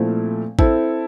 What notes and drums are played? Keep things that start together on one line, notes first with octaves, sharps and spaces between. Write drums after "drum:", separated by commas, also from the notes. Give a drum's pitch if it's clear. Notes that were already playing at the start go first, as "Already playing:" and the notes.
Already playing: A#2 F3 A3 C4 E4
C4 E4 A4, drum: kick A1